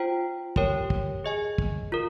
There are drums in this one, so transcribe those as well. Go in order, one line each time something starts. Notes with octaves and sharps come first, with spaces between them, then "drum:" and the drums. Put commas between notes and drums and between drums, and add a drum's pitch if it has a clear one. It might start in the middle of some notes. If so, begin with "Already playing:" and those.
Already playing: F4 C5 G5
G4 A#4 C#5 G5, drum: kick
drum: kick
G#4 D#5 G#5
drum: kick
F4 A#4